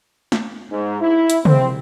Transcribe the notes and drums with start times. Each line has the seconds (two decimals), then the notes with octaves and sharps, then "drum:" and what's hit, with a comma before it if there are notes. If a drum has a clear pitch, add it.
0.32 drum: snare
0.70 G#2
1.00 E4
1.30 drum: hi-hat
1.45 C4, drum: tom